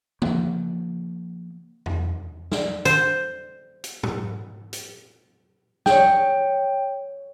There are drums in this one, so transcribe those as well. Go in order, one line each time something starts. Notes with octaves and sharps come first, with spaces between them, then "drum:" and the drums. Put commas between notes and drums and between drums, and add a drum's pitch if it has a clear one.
F3 A#3, drum: tom
drum: tom E2
drum: snare
C5, drum: hi-hat
drum: hi-hat
drum: tom G#2
drum: hi-hat
G#4 C#5 G5, drum: snare